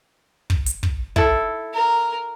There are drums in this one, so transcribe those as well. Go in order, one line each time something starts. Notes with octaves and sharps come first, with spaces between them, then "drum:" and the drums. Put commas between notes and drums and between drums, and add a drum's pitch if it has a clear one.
drum: kick
drum: hi-hat
drum: kick
E4 A4, drum: kick
A#4